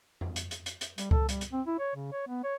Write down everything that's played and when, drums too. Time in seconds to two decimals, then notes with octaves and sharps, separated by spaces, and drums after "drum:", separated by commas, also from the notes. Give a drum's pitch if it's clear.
0.21 drum: tom F2
0.36 drum: hi-hat
0.51 drum: hi-hat
0.66 drum: hi-hat
0.81 drum: hi-hat
0.98 G3, drum: hi-hat
1.11 A4, drum: kick C#2
1.29 G3, drum: hi-hat
1.41 drum: hi-hat
1.52 C4
1.67 E4
1.79 C#5
1.95 C#3
2.12 C#5
2.27 B3
2.44 C#5